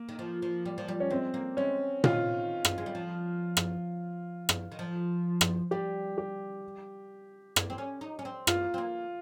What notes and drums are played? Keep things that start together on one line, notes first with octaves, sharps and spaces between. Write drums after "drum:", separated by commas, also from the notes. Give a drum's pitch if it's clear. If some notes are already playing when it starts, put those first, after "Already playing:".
Already playing: A#3
D#3
F3
F3
G3
F3
G3
C#4
G#3 C4
A#3
G#3 C#4
D#3 F4, drum: tom A#2
drum: rim click
G#3
G3
F3
drum: rim click
drum: rim click
D#3
F3
drum: rim click
G3 G4
G4
A#3, drum: rim click
C4
C#4
D#4
C#4
C4
A#3 F4, drum: rim click
C4
A#3